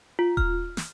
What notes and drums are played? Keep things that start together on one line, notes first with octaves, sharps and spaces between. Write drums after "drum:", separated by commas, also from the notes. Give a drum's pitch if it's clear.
F4
F6, drum: kick D#1
drum: snare